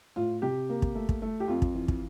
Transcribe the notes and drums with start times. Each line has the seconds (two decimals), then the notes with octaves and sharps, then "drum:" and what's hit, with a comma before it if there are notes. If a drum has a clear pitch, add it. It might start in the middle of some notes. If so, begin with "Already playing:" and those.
0.16 A2 F4
0.42 C3 G4
0.69 A#3
0.82 drum: kick
0.95 A3
1.09 drum: kick
1.22 A3
1.40 G4
1.48 F2 F4
1.62 drum: kick
1.74 E3
1.88 drum: kick